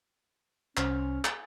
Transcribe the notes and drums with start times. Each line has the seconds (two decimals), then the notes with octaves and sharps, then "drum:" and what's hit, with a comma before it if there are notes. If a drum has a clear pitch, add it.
0.77 C2 C#4 C5 F6, drum: clap
1.25 drum: clap